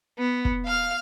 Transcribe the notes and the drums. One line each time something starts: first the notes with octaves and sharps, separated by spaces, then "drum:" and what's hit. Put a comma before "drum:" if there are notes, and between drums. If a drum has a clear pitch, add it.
B3
drum: kick
F5 F6